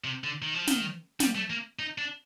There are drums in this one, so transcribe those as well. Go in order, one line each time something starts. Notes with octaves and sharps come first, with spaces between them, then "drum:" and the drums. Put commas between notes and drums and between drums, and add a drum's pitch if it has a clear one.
C3
D3
D#3
F3
D#3, drum: snare
G3, drum: snare
A3
A#3
D#4
D4